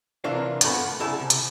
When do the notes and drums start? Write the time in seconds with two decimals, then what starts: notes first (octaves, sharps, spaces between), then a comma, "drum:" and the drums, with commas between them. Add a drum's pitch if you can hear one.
0.24 C3 E3 A#3 D4 F4 F5
0.61 G2 A#2 A3 B3 B5, drum: hi-hat
0.74 F#5
1.00 C2 C#3 G3 E4 A5
1.20 C3
1.30 drum: hi-hat